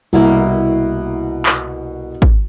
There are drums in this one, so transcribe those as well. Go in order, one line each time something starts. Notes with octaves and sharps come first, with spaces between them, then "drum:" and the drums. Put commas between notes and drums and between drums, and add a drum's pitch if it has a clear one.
C2 B2 A#3 E4
drum: clap
drum: kick